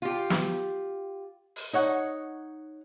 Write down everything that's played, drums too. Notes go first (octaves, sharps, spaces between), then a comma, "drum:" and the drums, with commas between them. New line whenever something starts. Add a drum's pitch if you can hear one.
F4 G4
drum: snare
drum: open hi-hat
D#4 C#5 F#5